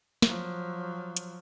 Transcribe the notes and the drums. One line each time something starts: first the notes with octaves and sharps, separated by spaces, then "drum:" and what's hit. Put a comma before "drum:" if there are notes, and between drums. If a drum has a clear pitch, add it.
F3 F#3, drum: snare
drum: hi-hat